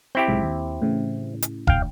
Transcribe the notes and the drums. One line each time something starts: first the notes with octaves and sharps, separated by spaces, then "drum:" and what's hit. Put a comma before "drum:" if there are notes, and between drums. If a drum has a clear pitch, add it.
C4 E4 G4 G5 C#6 G6
B1 G#2 C3
D#2
A2 C#3 E3
drum: hi-hat
D2 F5 G5, drum: kick E1